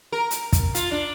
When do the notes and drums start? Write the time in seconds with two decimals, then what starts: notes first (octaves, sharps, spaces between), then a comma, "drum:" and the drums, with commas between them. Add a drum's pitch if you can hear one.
0.12 A#4
0.31 drum: hi-hat
0.53 drum: kick, hi-hat
0.75 F4, drum: hi-hat
0.91 D4